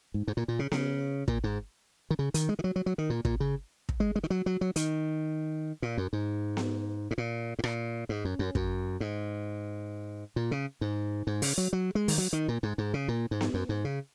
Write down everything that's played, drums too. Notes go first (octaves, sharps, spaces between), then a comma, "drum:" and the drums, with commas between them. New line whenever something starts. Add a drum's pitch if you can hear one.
G#2
G#2
A#2
A#2
C#3
C#3, drum: snare B3
A#2, drum: kick
G#2
D#3
C#3
D#3, drum: hi-hat
G#3
D#3
F#3
F#3
F#3
D#3
A#2
A#2, drum: kick
C#3
drum: kick
G#3
G#3
D#3
F#3
F#3
F#3
D#3, drum: hi-hat
A#2
F#2
G#2
drum: snare B3
G#2
A#2
G#2
A#2, drum: rim click
G#2
F#2
F#2
F#2, drum: kick
G#2
A#2
C#3
G#2
G#2
C#3, drum: open hi-hat
F#3
F#3
G#3
D#3, drum: open hi-hat
F#3
D#3
A#2
G#2
G#2
C#3
A#2
G#2
drum: snare B3
F#2
G#2
C#3